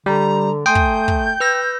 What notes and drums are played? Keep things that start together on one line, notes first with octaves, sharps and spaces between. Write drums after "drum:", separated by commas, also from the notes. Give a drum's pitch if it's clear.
D3 G3 A#5
A3 G5 G#5 C6 D#6 G6
drum: kick
drum: kick
B4 E6 A#6